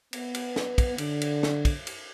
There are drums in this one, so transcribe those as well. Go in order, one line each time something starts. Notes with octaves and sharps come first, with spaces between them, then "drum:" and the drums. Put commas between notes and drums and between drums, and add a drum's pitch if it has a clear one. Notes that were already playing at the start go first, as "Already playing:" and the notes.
B3, drum: cymbal
drum: cymbal
drum: snare
drum: kick, cymbal
D3, drum: cymbal
drum: cymbal
drum: snare
drum: kick, cymbal
drum: cymbal